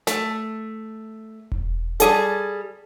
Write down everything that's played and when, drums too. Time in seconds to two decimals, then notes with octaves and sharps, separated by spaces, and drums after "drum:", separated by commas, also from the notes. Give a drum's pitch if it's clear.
0.07 A3, drum: snare
1.52 drum: kick E1
2.00 G3 G#4 A4, drum: hi-hat